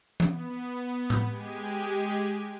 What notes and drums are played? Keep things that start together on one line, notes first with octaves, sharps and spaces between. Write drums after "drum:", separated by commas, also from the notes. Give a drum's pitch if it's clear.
B3, drum: tom E3
drum: tom A2
G#3 G4 G#5